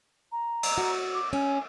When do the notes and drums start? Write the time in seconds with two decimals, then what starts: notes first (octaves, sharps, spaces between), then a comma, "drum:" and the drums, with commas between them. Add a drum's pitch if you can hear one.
0.32 A#5
0.63 drum: cymbal
0.78 F#4
1.14 D6
1.33 C#4 G#5